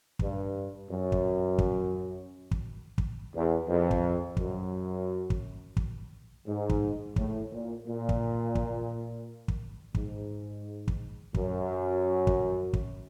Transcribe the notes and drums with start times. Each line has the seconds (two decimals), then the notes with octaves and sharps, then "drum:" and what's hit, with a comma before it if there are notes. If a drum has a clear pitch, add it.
0.19 G2, drum: kick
0.89 F#2
1.12 drum: kick
1.58 drum: kick
2.51 drum: kick
2.98 drum: kick
3.33 E2
3.68 F2
3.91 drum: kick
4.37 F#2, drum: kick
5.30 drum: kick
5.77 drum: kick
6.46 G#2
6.69 drum: kick
7.16 A2, drum: kick
7.50 A#2
7.86 A#2
8.09 drum: kick
8.55 drum: kick
9.48 drum: kick
9.95 G#2, drum: kick
10.88 drum: kick
11.34 F#2, drum: kick
12.27 drum: kick
12.73 drum: kick